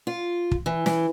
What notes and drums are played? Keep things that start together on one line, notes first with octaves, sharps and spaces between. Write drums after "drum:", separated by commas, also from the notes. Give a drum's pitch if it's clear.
F4
drum: kick
E3
E3, drum: snare